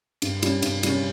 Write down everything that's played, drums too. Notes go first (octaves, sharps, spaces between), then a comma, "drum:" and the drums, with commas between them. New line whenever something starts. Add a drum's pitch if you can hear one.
G2, drum: cymbal
G3 C#4, drum: cymbal
G2, drum: cymbal
G3 C#4, drum: cymbal